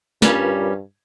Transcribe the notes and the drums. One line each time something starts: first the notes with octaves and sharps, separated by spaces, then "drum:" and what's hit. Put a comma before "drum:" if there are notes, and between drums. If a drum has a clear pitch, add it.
G2 G3 C#4 F4 A#4 B4, drum: snare